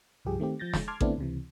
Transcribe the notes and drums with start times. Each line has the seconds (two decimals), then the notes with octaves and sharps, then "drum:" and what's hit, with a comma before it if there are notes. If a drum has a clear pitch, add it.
0.25 C2 G2 F3 G4 G#4
0.40 D#3 A3 C4 G4
0.60 F3 G6 A6 A#6
0.74 drum: snare
0.88 A5 C6 D6 F6 G#6
1.01 D3 A3 B3 C4 D4 E4, drum: kick A1
1.18 C#2 C3 E3